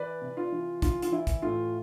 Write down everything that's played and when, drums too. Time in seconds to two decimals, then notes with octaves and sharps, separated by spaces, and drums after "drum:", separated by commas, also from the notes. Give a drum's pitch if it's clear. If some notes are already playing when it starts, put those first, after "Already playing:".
Already playing: E3 B4 D5
0.21 C3
0.37 F4
0.52 E3
0.82 E3 F4, drum: kick, hi-hat
1.02 F4, drum: hi-hat
1.12 E3 E4
1.27 drum: kick, hi-hat
1.42 A2 F4